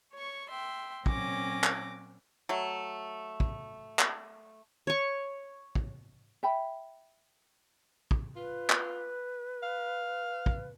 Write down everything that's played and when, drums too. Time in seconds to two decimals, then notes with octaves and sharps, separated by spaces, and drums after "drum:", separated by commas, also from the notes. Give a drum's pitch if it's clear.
0.14 C#5 C#6
0.49 E5 G5 C6
1.06 A#2 F#3 C4 C#4 D6 A#6, drum: kick
1.64 drum: clap
2.49 F#3 A3
3.40 drum: kick
3.99 drum: clap
4.87 C#5 C#6
5.75 drum: kick
6.43 E5 G5 B5
8.11 drum: kick
8.36 F4 B4
8.70 drum: clap
9.63 F5
10.46 drum: kick